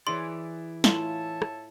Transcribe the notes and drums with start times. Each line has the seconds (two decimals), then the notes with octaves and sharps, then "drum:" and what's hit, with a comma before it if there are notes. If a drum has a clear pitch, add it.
0.07 E3 E4 G#4 C#5 D5 C6
0.84 A2 F4 C#5 E5 F5 A5, drum: snare
1.42 drum: rim click